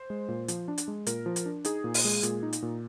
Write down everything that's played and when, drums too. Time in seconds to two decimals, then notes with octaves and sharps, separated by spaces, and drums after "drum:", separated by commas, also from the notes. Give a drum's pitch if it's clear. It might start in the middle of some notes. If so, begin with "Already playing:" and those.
Already playing: C5
0.10 G#3
0.28 A#2
0.48 F3, drum: hi-hat
0.68 D4
0.78 drum: hi-hat
0.88 G#3
1.07 A#2 A#4, drum: hi-hat
1.26 F3
1.36 drum: hi-hat
1.46 D4
1.65 D#4 G#4, drum: hi-hat
1.84 A#2
1.94 drum: open hi-hat
2.05 G#3
2.23 A#2, drum: hi-hat
2.43 D#4
2.53 drum: hi-hat
2.62 A#2